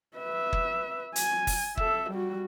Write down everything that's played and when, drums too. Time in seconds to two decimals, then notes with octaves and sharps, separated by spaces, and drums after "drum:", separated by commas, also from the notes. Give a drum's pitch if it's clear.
0.17 B4 E5
0.53 drum: kick
1.16 G#5, drum: hi-hat
1.47 drum: kick, open hi-hat
1.77 A4 E5, drum: kick
2.10 G3 F#4